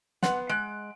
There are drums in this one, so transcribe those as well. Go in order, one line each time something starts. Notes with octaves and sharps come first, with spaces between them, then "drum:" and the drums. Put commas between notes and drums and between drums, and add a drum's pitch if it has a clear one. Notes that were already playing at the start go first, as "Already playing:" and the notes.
B3 F#5 C6, drum: snare
G#3 F#6 D7